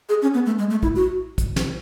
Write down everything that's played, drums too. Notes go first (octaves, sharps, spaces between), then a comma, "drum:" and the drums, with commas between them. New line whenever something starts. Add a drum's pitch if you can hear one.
G#4
C#4
B3
A3
G#3
A3
E4, drum: kick
F#4
drum: kick, hi-hat
drum: snare